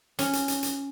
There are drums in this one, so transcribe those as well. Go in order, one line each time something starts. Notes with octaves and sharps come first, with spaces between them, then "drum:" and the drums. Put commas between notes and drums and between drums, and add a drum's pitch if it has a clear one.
C#4, drum: hi-hat
drum: hi-hat
drum: hi-hat
drum: hi-hat